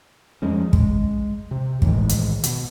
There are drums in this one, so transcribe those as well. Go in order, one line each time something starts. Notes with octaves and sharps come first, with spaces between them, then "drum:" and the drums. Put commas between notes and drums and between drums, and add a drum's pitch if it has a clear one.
F2 F3 G#3 C#4
G#3, drum: kick
C3
A2 D#3 E3 G#3, drum: kick
drum: hi-hat
B2, drum: hi-hat